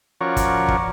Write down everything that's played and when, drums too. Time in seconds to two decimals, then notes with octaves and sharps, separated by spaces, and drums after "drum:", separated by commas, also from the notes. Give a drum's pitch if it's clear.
0.21 F3 C#4 F#4 A#4 C#5 D5
0.37 drum: kick, hi-hat
0.68 drum: kick